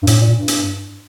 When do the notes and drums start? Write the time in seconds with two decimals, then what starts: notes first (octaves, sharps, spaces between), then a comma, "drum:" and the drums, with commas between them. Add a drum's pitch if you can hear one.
0.03 G2
0.07 A2, drum: hi-hat
0.21 A#2
0.35 G2
0.48 drum: hi-hat